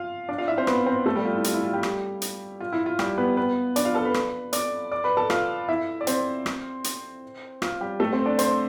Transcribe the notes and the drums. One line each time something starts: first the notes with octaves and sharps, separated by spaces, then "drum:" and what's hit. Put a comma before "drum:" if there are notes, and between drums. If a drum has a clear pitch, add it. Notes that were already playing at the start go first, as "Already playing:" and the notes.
Already playing: F4 F5
D4 D5
F4 F5
E4 E5
C4 C5
B3 B4, drum: rim click
C4 C5
A3 A4
G3 G4
F4
E4
F4, drum: hi-hat
E4
F4
G3 G4
drum: rim click
drum: hi-hat
F4
E4
F4
G3 G4, drum: rim click
B3 B4
B3 B4
D4 D5, drum: hi-hat
F4 F5
A4 A5
B4 B5
drum: rim click
D5 D6, drum: hi-hat
D5 D6
B4 B5
A4 A5
F4 F5, drum: rim click
E4 E5
D5
C4 C5, drum: hi-hat
drum: rim click
drum: hi-hat
F4, drum: rim click
G3 G4
A3 A4
C4 C5
D4 D5
C5 C6, drum: hi-hat